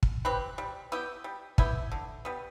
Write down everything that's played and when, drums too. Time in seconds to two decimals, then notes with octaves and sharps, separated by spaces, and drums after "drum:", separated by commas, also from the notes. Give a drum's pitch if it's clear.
0.03 drum: kick
0.25 C4 G4 B4
0.58 G3
0.92 B3 E4 G4
1.24 G3
1.58 B3 E4 G4, drum: kick
1.92 D3
2.25 G3 B3